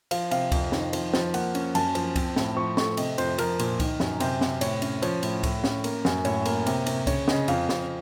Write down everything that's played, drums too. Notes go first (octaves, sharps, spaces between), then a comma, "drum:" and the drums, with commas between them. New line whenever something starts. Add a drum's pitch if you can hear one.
F3 F5, drum: cymbal
C3 F5, drum: cymbal
F2, drum: kick C#2, cymbal
D#3, drum: snare
F3, drum: cymbal
F3, drum: snare
A#3 F#5, drum: cymbal
C#4, drum: cymbal
F#2 A5, drum: cymbal
F3, drum: cymbal
C4, drum: kick C#2, cymbal
A2, drum: snare
F3 C#6
A3 C#6, drum: snare
C3 D#5, drum: cymbal
F2 C5, drum: cymbal
F3 A#4, drum: cymbal
A#2, drum: cymbal
D#3, drum: kick C#2, cymbal
F#2, drum: snare
C3 C5, drum: cymbal
C3, drum: snare
A2 C#5, drum: cymbal
C#4, drum: cymbal
F3 C#5, drum: cymbal
A2, drum: cymbal
A2, drum: kick C#2, cymbal
C#4, drum: snare
A#3, drum: cymbal
F#2, drum: snare
A2 C#5, drum: cymbal
A#3, drum: cymbal
C3, drum: cymbal
C3, drum: cymbal
C#3 C#5, drum: kick C#2, cymbal
C#3 D#5, drum: snare
F2 F5, drum: cymbal
F2, drum: snare